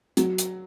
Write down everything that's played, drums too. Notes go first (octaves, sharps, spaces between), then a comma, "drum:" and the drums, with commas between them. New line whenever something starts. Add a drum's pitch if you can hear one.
F#3, drum: hi-hat
drum: hi-hat